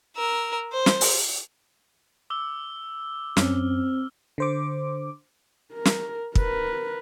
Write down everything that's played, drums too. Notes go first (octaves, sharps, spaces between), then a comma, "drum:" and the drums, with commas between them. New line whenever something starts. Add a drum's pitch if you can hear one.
A#4 E6
C5
drum: snare
drum: open hi-hat
D6 E6 G7
F#2 C4 C#4 F6, drum: snare
D3 C5 D6
A#4
drum: snare
A#4 B4, drum: kick